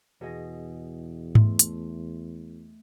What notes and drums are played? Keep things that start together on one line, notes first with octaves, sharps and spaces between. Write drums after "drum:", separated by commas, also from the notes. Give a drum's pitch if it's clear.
E2 B2 G#4 D#5
A3 C6, drum: tom G#2
drum: hi-hat